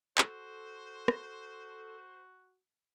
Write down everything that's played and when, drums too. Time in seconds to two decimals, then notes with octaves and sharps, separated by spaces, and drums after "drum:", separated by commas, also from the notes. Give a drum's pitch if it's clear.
0.18 F#4 A4 C5, drum: clap
1.08 drum: rim click